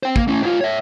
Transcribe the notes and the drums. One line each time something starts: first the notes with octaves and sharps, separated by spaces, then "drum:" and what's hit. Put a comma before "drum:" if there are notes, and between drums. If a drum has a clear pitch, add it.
C5 G5
A#3, drum: kick
A3 C#4
G#2 F4
C#5 E5